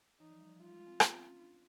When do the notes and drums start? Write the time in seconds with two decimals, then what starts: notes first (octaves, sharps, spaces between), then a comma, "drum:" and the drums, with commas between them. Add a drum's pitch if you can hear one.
0.20 E3 D#4
0.30 F3
0.39 G3
0.49 F3
0.60 G3 F4
0.73 G#3
0.87 C4
1.00 B3, drum: rim click
1.13 C4
1.26 C#4
1.39 D4